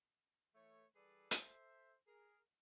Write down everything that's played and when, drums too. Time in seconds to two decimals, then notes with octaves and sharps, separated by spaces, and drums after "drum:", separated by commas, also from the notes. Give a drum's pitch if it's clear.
0.55 E3 A3 C#5
0.95 E3 G3 G#4 A4 B4 D5
1.31 A4 C5 E5, drum: hi-hat
2.08 G#4 A#4